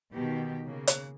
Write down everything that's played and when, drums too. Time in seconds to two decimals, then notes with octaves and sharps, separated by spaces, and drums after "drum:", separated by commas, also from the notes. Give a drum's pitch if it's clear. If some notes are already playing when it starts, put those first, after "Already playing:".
0.14 B2 D#3 G4
0.66 C#3 A#3
0.87 drum: hi-hat